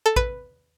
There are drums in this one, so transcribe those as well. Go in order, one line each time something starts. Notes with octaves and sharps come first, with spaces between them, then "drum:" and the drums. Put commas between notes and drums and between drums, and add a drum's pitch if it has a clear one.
A4
B4, drum: kick